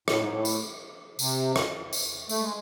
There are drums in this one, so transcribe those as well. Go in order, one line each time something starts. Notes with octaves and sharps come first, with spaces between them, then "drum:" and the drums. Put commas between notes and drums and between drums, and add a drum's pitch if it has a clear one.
A2, drum: rim click
G#2
A2
drum: tambourine
C3, drum: tambourine
drum: rim click
drum: tambourine
A3, drum: tambourine
G#3